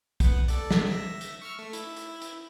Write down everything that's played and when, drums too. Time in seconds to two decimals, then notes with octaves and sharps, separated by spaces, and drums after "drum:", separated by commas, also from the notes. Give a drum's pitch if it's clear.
0.20 B3 F#5, drum: kick, hi-hat
0.48 A4 D5, drum: hi-hat
0.71 drum: snare
0.87 E5 A#6
1.21 drum: hi-hat
1.42 C#6 E6 F6
1.59 A3
1.73 E4, drum: hi-hat
1.96 drum: hi-hat
2.22 drum: hi-hat